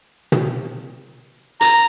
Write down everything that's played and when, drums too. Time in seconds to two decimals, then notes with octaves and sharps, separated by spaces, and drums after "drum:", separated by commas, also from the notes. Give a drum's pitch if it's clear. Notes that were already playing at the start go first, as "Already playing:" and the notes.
0.32 drum: tom
1.61 A#5, drum: hi-hat